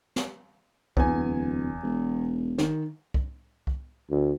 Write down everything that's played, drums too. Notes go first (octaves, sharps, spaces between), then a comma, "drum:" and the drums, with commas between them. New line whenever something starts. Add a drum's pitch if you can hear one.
drum: snare
D1 E2 G#5, drum: kick
E1
D#3, drum: snare
drum: kick
drum: kick
D2